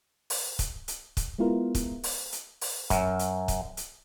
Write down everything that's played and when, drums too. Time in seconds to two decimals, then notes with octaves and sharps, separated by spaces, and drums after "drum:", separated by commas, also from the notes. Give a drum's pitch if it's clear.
0.30 drum: open hi-hat
0.59 drum: kick, hi-hat
0.88 drum: hi-hat
1.17 drum: kick, hi-hat
1.39 G#3 B3 E4 F4 A#4
1.75 drum: kick, hi-hat
2.04 drum: open hi-hat
2.32 drum: hi-hat
2.61 drum: open hi-hat
2.90 F#2, drum: kick, hi-hat
3.19 drum: hi-hat
3.48 drum: kick, hi-hat
3.77 drum: hi-hat